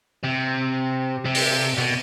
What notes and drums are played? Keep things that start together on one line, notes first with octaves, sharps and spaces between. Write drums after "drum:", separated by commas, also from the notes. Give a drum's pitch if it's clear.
C3
C3
drum: open hi-hat
B2